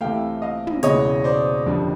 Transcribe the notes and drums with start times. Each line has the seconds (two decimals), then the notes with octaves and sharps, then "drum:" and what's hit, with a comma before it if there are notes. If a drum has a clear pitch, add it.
0.01 C2 C3 E3 A3 F5 G5
0.42 D#5 F5
0.67 drum: tom
0.83 E1 E2 C#3 E3 G#3 C#5 D#5, drum: hi-hat
1.24 C5 D5
1.66 F#1 F2 D3 G3